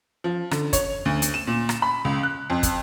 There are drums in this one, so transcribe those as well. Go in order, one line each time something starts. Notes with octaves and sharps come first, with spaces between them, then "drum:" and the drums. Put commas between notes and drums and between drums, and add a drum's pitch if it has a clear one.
F3
D3, drum: rim click
C#5, drum: kick, hi-hat
D2
drum: hi-hat
E7
A#2
drum: rim click
B5
C#2
F#6
F2
drum: kick, hi-hat